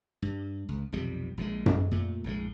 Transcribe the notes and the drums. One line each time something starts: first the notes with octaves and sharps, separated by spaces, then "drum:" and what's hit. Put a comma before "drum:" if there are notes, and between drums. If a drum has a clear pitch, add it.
G2
C#2
B1 F2 C3 G3
A#1 A#2 C#3 G#3
drum: tom F#2
A#2 A3
A#1 A2 F3 G#3